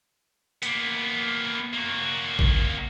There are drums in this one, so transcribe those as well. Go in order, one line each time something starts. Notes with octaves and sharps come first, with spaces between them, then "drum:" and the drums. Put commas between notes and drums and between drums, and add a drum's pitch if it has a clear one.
A#3 B3, drum: hi-hat
A#3 F#4
drum: kick